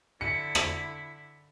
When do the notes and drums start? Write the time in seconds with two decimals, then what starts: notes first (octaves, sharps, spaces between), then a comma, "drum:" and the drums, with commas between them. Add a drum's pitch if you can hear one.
0.21 D3 E4 C#7
0.55 drum: rim click